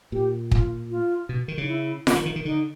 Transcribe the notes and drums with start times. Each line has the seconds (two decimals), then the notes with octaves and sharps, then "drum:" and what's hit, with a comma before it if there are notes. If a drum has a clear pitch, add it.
0.12 A#2 G4
0.51 F4, drum: kick
0.90 F4
1.29 B2
1.48 D#3
1.58 C#3 D#4
1.68 E4
2.07 D3, drum: snare F4
2.15 D#3
2.26 D#3
2.36 D#3
2.45 D3 D#4